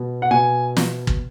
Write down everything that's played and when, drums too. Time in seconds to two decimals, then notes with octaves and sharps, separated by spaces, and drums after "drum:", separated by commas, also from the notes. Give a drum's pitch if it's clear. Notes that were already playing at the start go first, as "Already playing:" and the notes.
Already playing: B2
0.22 F#5
0.31 B2 G#5
0.77 drum: snare
1.07 drum: kick